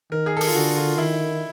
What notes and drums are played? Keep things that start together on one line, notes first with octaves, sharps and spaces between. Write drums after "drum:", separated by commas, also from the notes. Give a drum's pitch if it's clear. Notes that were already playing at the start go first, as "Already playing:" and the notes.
D#3 A#4
G#4
A4
G#4, drum: open hi-hat
F4
D3 F#4
F4
D#3 E4